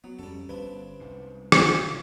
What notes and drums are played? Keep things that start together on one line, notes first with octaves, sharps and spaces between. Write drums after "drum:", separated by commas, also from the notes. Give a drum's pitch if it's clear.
F#3 B3
F2 G3 C#4 A4
G1 G2 C4 D4 B4
C2 G#2 C3
F1 C3 F3 F4 D6, drum: rim click